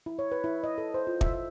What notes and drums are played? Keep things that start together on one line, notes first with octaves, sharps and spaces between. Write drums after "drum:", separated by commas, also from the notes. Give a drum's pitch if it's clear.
E4
C#5
B4
E4
D#5
A4
C5
F4
E5, drum: kick
E5